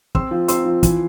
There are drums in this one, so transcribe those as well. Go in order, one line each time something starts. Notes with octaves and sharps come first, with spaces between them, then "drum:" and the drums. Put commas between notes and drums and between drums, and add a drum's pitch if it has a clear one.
C4 C6 E6, drum: kick
F3
C4 C6 E6, drum: hi-hat
F3
E3, drum: kick, hi-hat